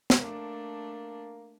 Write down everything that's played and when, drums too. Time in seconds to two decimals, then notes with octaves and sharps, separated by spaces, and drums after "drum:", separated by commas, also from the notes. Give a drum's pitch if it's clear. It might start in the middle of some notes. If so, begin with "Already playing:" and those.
0.10 drum: snare
0.20 A3 A#3 D4